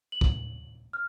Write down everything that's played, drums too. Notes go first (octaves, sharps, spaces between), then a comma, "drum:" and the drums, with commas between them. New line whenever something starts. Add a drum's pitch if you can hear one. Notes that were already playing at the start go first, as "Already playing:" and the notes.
F#7
drum: kick
F6